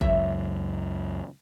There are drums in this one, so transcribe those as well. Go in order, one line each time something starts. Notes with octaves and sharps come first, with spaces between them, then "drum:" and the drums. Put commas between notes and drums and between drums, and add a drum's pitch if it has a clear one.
C#2 F#2 E5, drum: kick